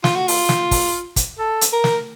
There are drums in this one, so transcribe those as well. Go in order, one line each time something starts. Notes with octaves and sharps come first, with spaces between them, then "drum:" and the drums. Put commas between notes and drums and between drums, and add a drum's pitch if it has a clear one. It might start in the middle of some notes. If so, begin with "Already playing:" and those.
F4, drum: snare
F#4
F4, drum: open hi-hat
drum: snare
drum: kick, open hi-hat
drum: kick, hi-hat
A4
drum: hi-hat
A#4
drum: snare